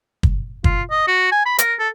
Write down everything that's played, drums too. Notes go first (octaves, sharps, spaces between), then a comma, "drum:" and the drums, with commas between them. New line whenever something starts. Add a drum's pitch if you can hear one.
drum: kick
F4, drum: kick
D#5
F#4
G#5
B5
A#4, drum: hi-hat
A4